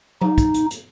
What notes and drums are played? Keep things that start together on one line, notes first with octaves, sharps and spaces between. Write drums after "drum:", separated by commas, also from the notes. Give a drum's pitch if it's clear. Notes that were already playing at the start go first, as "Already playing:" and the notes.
D#4, drum: tom F#3
drum: kick, hi-hat
drum: hi-hat
drum: hi-hat